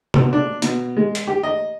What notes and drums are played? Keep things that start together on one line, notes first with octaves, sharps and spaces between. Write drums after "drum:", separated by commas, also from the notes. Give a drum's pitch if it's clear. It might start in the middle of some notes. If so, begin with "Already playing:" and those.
B2, drum: tom
D4
B2, drum: hi-hat
G#3
drum: hi-hat
G4
D#5